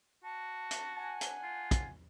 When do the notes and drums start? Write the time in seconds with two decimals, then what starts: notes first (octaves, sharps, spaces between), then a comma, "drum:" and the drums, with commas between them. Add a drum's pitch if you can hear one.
0.24 F#4 A5
0.71 drum: hi-hat
0.96 D4 F#5 G#5
1.21 drum: hi-hat
1.43 F4
1.71 drum: kick, hi-hat